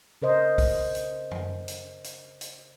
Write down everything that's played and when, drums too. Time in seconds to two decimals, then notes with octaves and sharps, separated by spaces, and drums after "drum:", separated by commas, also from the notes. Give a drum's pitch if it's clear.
0.22 C#3 A#4 C5 D#5
0.58 drum: kick B1, open hi-hat
0.95 drum: hi-hat
1.31 drum: tom F#2
1.68 drum: hi-hat
2.04 drum: hi-hat
2.41 drum: hi-hat